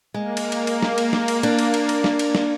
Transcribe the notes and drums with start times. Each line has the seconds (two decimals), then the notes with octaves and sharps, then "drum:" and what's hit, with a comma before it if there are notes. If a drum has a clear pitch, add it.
0.14 G#3 A#3
0.37 drum: cymbal
0.52 drum: cymbal
0.67 drum: cymbal
0.82 drum: snare
0.98 drum: cymbal
1.13 drum: snare
1.28 drum: cymbal
1.43 D4, drum: cymbal
1.59 drum: cymbal
1.74 drum: cymbal
1.89 drum: cymbal
2.04 drum: snare
2.19 drum: cymbal
2.35 drum: snare